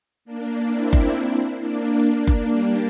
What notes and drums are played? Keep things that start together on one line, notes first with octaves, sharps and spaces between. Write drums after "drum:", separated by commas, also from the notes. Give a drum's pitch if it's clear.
A#3 D4
C4 E4
drum: kick F#1
A#3 D4
A#3 D4
drum: kick F#1
G3 A#3